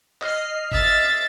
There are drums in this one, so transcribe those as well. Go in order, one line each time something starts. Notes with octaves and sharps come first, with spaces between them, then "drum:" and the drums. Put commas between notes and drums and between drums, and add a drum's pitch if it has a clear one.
D#5 F6 C7, drum: clap
E5 A6, drum: kick G1